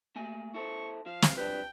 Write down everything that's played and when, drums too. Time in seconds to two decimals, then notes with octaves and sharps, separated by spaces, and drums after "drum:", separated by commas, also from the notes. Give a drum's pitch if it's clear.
0.16 A3 A#3 G#5
0.54 E4 A4 C5 C#6
1.06 F3 F5
1.22 drum: snare
1.37 F3 G3 D4 B4 G5